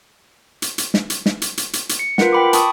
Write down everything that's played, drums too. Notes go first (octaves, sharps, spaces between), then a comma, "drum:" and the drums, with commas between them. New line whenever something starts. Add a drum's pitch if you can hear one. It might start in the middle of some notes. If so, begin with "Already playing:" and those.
drum: hi-hat
drum: hi-hat
drum: snare
drum: hi-hat
drum: snare
drum: hi-hat
drum: hi-hat
drum: hi-hat
drum: hi-hat
C#7
F4 A#4 B4 F#5, drum: snare
G5 B5 D6
A5 C#6 D#6, drum: hi-hat